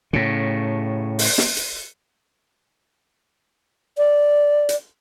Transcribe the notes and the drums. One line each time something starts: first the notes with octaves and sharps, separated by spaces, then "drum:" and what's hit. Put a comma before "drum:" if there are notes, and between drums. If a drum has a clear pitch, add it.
A2 C#3
drum: open hi-hat
drum: snare
drum: hi-hat
D5
drum: hi-hat